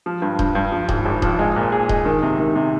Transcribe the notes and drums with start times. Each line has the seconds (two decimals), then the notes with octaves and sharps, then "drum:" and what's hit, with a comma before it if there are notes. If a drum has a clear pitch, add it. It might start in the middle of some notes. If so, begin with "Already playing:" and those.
0.06 F3
0.22 G2
0.39 G2, drum: kick D#1
0.55 G2
0.72 F3
0.89 G#1, drum: kick D#1
1.06 G#1
1.22 F3, drum: kick D#1
1.39 G#3
1.56 A#2
1.72 G#4
1.89 G#3, drum: kick D#1
2.06 D#3
2.23 C3
2.39 D#3
2.55 C3